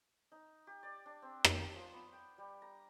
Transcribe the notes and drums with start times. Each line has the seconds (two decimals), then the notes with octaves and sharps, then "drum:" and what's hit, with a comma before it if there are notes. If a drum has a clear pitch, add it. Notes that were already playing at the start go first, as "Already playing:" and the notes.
0.32 D#4
0.67 G4
0.83 D5
1.06 D4
1.22 C4
1.44 drum: rim click
1.57 A#4
1.75 F3
1.92 B3
2.13 G5
2.38 G3
2.62 A#5